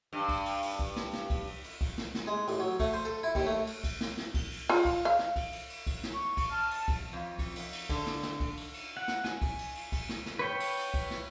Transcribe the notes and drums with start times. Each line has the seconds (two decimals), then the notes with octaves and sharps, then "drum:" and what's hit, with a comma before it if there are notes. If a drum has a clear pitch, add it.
0.13 G2
0.29 drum: kick C#2, cymbal
0.46 drum: cymbal
0.62 drum: cymbal
0.79 drum: kick C#2
0.96 drum: snare
1.13 drum: snare
1.30 drum: kick C#2, cymbal
1.47 drum: cymbal
1.64 drum: cymbal
1.81 drum: kick C#2, cymbal
1.98 drum: snare
2.15 drum: snare
2.27 G#3
2.48 A1, drum: cymbal
2.60 F#3
2.80 A3, drum: kick C#2, cymbal
2.94 C5
3.05 A4
3.23 E4
3.35 D#2, drum: kick C#2, cymbal
3.46 A3
3.67 drum: cymbal
3.84 drum: kick C#2, cymbal
4.01 drum: snare
4.17 drum: snare
4.34 drum: kick C#2, cymbal
4.51 drum: cymbal
4.69 F4, drum: cymbal
4.85 drum: kick C#2, cymbal
5.05 F5
5.19 drum: snare
5.36 drum: kick C#2, cymbal
5.53 drum: cymbal
5.70 drum: cymbal
5.87 drum: kick C#2, cymbal
6.03 drum: snare
6.13 C#6
6.37 drum: kick C#2, cymbal
6.50 A5 F6
6.71 drum: cymbal
6.88 drum: kick C#2, cymbal
7.13 F2
7.39 drum: kick C#2, cymbal
7.56 drum: cymbal
7.73 drum: cymbal
7.89 D3, drum: kick C#2, cymbal
8.06 drum: snare
8.23 drum: snare
8.40 drum: kick C#2, cymbal
8.57 drum: cymbal
8.74 drum: cymbal
8.97 F#5
9.08 drum: snare
9.24 G#5, drum: snare
9.42 drum: kick C#2, cymbal
9.58 drum: cymbal
9.75 drum: cymbal
9.92 drum: kick C#2, cymbal
10.09 drum: snare
10.26 drum: snare
10.39 B4 C#5 G5
10.60 drum: cymbal
10.77 drum: cymbal
10.94 drum: kick C#2, cymbal
11.11 drum: snare